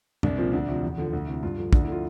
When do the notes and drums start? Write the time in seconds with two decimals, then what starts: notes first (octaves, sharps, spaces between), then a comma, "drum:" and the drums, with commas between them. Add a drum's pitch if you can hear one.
0.23 C2 D4, drum: tom F#2
0.38 A#2 F3 C4
0.53 D2 D4
0.68 C3 F3
0.83 E2
0.98 D3 F3
1.13 D2
1.27 C3 E3
1.43 G2 F4
1.57 D3 F3
1.73 D2 D4, drum: kick
1.82 E4
1.88 D3 F3 F4